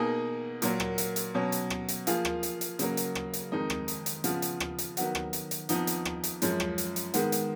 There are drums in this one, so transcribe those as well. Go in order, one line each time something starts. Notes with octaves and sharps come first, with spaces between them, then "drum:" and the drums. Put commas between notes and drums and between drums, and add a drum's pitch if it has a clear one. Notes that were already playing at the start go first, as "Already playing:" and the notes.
Already playing: B2 A#3 D#4 G#4
A#2 F#3 A#3, drum: hi-hat
drum: rim click
drum: hi-hat
drum: hi-hat
B2 F#3 C#4
drum: hi-hat
drum: rim click
drum: hi-hat
F3 A#3 F4 G#4, drum: hi-hat
drum: rim click
drum: hi-hat
drum: hi-hat
C#3 F#3 A#3, drum: hi-hat
drum: hi-hat
drum: rim click
drum: hi-hat
F2 D#3 G#3 D#4
drum: rim click
drum: hi-hat
drum: hi-hat
C#3 F3 B3 F4, drum: hi-hat
drum: hi-hat
drum: rim click
drum: hi-hat
D#3 F#3 B3 F#4, drum: hi-hat
drum: rim click
drum: hi-hat
drum: hi-hat
F2 F3 B3 D#4, drum: hi-hat
drum: hi-hat
drum: rim click
drum: hi-hat
F#2 F3 G#3 C#4, drum: hi-hat
drum: rim click
drum: hi-hat
drum: hi-hat
D#3 G#3 B3, drum: hi-hat
drum: hi-hat